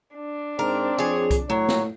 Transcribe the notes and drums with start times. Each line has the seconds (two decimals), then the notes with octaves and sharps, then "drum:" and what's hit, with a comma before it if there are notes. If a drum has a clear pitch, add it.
0.15 D4
0.59 G#2 C4 A#4
0.98 F2 G#4 C#5
1.31 drum: kick C2, hi-hat
1.50 A2 F#3 C#5
1.69 drum: snare